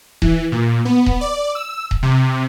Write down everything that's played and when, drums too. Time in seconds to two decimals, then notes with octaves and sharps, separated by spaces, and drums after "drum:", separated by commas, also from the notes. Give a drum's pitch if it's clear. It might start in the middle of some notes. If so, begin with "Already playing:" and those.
0.22 E3, drum: kick D#1
0.52 A#2
0.85 B3
1.06 drum: kick D#1
1.21 D5
1.55 E6
1.91 drum: kick D#1
2.03 C3